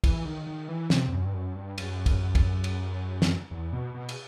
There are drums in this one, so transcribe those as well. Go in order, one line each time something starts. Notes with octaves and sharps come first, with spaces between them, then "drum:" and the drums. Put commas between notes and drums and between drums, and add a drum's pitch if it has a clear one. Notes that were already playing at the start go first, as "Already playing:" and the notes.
E3, drum: kick, cymbal
D#3
D#3
E3
C3, drum: snare
E2
F#2
G2
F#2
G2
F#2, drum: cymbal
drum: kick, cymbal
drum: kick, cymbal
drum: cymbal
drum: snare
E2
B2
B2
drum: cymbal